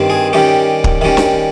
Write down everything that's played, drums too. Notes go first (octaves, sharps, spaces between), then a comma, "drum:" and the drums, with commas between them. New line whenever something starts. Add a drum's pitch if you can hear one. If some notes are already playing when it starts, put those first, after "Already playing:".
Already playing: G2 D#3 G3 C4
G#4
D#3 G3 C#4 G4
drum: kick
D#3 G3 C#4
drum: snare